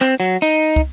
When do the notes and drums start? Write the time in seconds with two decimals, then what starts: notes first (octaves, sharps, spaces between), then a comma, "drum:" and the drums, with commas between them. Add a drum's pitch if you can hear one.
0.01 C4, drum: clap
0.20 F#3
0.42 D#4
0.76 drum: kick